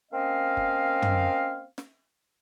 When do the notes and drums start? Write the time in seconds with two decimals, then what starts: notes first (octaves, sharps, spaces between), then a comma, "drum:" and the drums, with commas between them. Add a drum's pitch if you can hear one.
0.12 A#3 C4 C#4 D#5 F5
0.57 drum: kick F#1
1.02 drum: tom
1.78 drum: snare